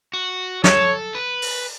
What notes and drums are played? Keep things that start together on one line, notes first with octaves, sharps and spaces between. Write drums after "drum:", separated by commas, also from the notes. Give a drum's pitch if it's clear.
F#4
A4 C#5, drum: snare
B4
drum: open hi-hat